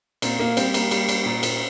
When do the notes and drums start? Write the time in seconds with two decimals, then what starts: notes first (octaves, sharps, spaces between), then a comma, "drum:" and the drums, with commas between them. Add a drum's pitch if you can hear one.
0.22 A#2 C4, drum: cymbal
0.39 A#2 A#3
0.57 G3 C4, drum: cymbal
0.74 G3 A#3, drum: cymbal
0.91 G3, drum: cymbal
1.09 G3, drum: cymbal
1.26 A#2
1.43 A#2, drum: cymbal